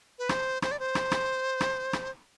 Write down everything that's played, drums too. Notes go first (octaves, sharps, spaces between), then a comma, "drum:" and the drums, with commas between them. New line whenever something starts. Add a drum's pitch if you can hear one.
B4
C5, drum: rim click
C5, drum: rim click
D5
C5
drum: rim click
drum: rim click
drum: rim click
drum: rim click